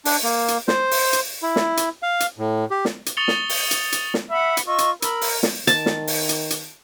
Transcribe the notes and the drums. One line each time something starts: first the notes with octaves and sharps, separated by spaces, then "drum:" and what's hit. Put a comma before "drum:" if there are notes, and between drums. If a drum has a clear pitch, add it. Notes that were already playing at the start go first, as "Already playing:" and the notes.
D4, drum: open hi-hat
A#3
drum: hi-hat
C5, drum: snare
drum: open hi-hat
drum: hi-hat
E4
drum: snare
drum: hi-hat
F5
drum: hi-hat
A2
G4
drum: snare
drum: hi-hat
C#6 D#6 A6 C#7 F7 G7
drum: snare
drum: open hi-hat
drum: hi-hat
drum: hi-hat
drum: snare
E5 F#5 B5
drum: hi-hat
F4 D#5 C#6 E6
drum: hi-hat
A#4 B5 E6, drum: hi-hat
drum: open hi-hat
drum: snare
D#3 A5, drum: hi-hat
drum: snare
drum: open hi-hat
drum: hi-hat
drum: hi-hat